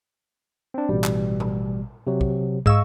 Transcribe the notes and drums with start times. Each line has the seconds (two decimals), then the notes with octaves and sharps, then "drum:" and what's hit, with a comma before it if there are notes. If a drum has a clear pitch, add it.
0.74 C4 D4
0.89 A1 B2 G3
1.04 drum: clap
1.40 drum: tom A2
2.07 C3 F#3
2.21 drum: kick
2.66 G#2 D#5 F5 C#6 E6, drum: kick